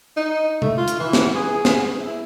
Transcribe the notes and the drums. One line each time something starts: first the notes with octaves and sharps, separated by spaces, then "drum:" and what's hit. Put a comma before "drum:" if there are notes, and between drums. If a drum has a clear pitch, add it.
D#4
A3, drum: tom
F4
drum: hi-hat
E3
drum: snare
G#4
drum: snare
E4